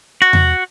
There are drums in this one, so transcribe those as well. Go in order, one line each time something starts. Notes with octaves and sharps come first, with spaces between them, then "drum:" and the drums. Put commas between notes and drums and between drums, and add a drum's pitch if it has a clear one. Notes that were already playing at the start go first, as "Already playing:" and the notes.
F#4
drum: tom E2